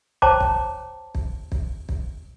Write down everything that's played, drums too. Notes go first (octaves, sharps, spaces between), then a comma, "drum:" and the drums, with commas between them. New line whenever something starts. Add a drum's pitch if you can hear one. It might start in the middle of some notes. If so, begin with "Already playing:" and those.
C5 C#5 G5 A5 A#5 D6, drum: kick
drum: kick
drum: kick
drum: kick
drum: kick